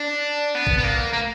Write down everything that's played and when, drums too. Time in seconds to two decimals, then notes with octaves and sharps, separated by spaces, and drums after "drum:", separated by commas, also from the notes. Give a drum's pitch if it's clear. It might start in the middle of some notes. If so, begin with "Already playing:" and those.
Already playing: D4
0.55 B3
0.67 drum: kick A#1
0.79 B3
0.84 A#3
1.13 A#3